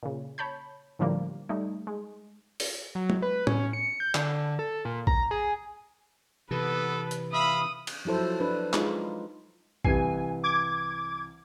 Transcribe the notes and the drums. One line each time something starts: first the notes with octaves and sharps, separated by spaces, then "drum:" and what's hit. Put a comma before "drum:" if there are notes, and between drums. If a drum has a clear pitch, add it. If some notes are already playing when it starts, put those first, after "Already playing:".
A#2 C#3
C#5 A5 B5 G6
A2 D3 F3 G3 A#3
G3 A3 D#4
G#3
drum: open hi-hat
F#3
drum: tom G#3
B4
C#4, drum: tom A2
C#7
G6
D3, drum: clap
A4
A#2
A#5, drum: kick A#1
G#4
C3 E3 B3 A4 B4
drum: hi-hat
E5 F5 B5 D#6
drum: cymbal
F3 F#3 E4 A4 C5
D4 B4
G#3 D#4 F4, drum: clap
C2 E3 G#5 C7, drum: kick A#1
D6 G#6